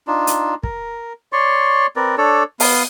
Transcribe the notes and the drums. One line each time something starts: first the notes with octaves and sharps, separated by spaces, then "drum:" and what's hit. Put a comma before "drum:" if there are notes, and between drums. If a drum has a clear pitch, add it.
D4 D#4 F4
drum: hi-hat
A#4, drum: kick
C#5 D5 C6 C#6
C4 A#4 B4 D5
D4 A4 C#5 D5
B3 F5, drum: open hi-hat